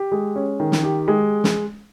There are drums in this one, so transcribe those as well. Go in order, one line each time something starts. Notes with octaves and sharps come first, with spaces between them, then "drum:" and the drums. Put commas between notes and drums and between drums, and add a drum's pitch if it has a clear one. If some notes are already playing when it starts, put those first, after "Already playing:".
Already playing: G4
G#3
C#4
D#3
drum: snare
G4
G#3
drum: snare